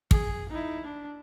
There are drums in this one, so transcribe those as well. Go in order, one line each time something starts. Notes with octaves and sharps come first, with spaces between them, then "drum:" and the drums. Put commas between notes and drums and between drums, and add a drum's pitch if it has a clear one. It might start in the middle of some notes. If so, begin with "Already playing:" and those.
G#4, drum: kick
D#4 E4
D4